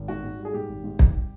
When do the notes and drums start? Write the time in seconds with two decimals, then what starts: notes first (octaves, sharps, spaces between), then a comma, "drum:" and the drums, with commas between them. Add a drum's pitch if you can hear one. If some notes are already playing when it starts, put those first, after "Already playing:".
Already playing: G#1
0.08 G#2 F#4
0.24 G#2
0.39 G3
0.45 G#4
0.54 G#2 G4
0.69 G#1
0.84 G#2
0.99 G3, drum: kick